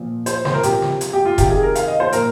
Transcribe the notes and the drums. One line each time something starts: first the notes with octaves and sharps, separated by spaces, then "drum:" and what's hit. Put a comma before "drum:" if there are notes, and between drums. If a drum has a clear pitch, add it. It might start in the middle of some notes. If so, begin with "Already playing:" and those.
Already playing: A#2 F3
C5, drum: hi-hat
C5, drum: snare
A#4
C3 F3 G4, drum: hi-hat
drum: snare
drum: hi-hat
G4
F4
C3 D#3 G4, drum: kick F1, hi-hat
G#4
A#4
F5, drum: hi-hat
D#5
C5
A#2 F3 A#4, drum: hi-hat